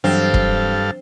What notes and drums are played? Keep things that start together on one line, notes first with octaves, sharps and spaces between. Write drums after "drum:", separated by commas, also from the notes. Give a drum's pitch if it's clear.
G2 E3 F#3 C4 D4 A4 F5
drum: kick